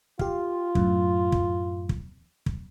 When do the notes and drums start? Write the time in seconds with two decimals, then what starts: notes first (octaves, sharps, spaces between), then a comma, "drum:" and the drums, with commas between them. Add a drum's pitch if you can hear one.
0.19 F4 G4 F5, drum: kick
0.75 F#2 A2, drum: kick
1.32 drum: kick
1.89 drum: kick
2.46 drum: kick